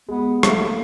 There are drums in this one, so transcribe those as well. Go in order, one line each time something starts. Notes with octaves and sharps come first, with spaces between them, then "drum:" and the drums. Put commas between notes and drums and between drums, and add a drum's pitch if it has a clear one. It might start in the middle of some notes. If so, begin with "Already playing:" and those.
G#3 B3
A3 A#3, drum: rim click
A#3